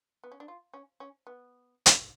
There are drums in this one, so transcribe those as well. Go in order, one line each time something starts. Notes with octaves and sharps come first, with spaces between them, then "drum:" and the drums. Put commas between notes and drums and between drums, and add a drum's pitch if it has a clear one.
B3
C#4
D4
F4
C#4
C#4
B3
drum: hi-hat